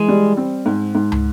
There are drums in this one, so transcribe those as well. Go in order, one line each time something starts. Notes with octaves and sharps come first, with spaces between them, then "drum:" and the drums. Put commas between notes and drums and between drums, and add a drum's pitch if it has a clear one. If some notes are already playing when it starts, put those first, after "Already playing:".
Already playing: E3 G#3
G3
C4
G#2
G#2
drum: tom